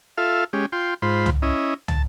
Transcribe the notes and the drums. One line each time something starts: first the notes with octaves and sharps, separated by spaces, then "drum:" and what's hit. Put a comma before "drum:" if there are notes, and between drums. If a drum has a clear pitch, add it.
F4 A4 E5 F5
G#3 C#4 G4
F4 G5 C6
G#2 F4 C5 B5
drum: tom
C#4 E4 D#5
A5, drum: tom